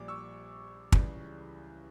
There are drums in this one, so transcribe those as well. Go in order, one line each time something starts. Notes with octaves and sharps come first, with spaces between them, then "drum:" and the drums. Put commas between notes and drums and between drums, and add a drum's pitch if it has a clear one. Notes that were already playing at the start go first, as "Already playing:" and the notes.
Already playing: A#1 A#2 G3 D6
C#6 E6
C#2 C#3 E3 G3, drum: kick